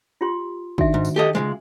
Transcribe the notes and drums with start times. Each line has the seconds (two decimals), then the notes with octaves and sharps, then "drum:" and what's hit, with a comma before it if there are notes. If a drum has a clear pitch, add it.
0.21 F4 G4 C6
0.78 D#3 D4 D#4 F#4 E5, drum: kick
0.94 G#2
1.05 drum: tambourine
1.16 G4 A4 D#5
1.35 C#2 B2 G#3